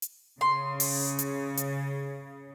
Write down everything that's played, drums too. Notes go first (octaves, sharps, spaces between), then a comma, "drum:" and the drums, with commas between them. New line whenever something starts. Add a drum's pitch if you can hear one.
drum: hi-hat
C#3 C6
drum: open hi-hat
drum: hi-hat
drum: hi-hat